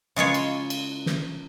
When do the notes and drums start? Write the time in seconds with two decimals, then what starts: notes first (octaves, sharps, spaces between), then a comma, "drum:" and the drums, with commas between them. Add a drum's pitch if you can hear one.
0.16 C#3 G#3 F4 C#5
0.34 drum: cymbal
0.70 drum: cymbal
1.06 drum: snare